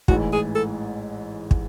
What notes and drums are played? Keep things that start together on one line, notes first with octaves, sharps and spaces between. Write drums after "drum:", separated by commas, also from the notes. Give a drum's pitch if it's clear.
A1 G#2 E3 G#3 F#4, drum: kick
G#4
A4
drum: kick